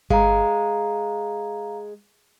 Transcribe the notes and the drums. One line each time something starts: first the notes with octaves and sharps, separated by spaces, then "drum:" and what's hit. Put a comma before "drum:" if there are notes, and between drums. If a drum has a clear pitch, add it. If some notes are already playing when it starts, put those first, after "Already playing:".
G#3 F5 A#5, drum: kick G1